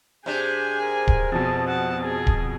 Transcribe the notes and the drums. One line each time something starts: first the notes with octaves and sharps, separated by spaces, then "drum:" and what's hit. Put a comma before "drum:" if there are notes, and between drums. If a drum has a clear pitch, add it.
C3 D4 G#4 G#5 G6
A#4
drum: kick D1
F2 B2 A5
F#5 A5
G#4 A5
drum: kick D1